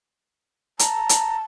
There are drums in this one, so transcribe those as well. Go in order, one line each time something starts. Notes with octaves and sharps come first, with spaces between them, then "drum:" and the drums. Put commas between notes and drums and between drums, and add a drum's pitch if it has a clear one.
A5 A#5, drum: hi-hat
drum: hi-hat